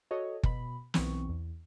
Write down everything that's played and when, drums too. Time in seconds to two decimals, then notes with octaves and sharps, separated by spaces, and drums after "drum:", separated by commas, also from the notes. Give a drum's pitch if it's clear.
0.11 F#4 A4 C#5 D#5
0.43 B2 B5, drum: kick
0.94 B1 E3 B3 C4 C#6, drum: snare
1.29 E2